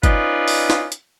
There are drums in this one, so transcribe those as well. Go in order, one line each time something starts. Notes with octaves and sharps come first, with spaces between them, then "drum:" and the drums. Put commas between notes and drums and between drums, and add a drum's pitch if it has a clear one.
C#4 D#4 F4 B4 D5 D#5, drum: kick F#1, hi-hat
drum: open hi-hat
drum: snare
drum: hi-hat